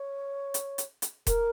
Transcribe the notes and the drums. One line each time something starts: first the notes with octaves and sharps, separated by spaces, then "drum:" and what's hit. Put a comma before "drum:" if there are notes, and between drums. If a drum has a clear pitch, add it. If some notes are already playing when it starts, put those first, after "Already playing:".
Already playing: C#5
drum: hi-hat
drum: hi-hat
drum: hi-hat
A#4, drum: kick E1, hi-hat